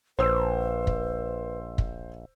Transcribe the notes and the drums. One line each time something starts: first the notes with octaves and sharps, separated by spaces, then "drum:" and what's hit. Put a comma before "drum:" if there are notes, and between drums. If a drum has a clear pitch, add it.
A#1 B4 C5 E6
drum: kick
drum: kick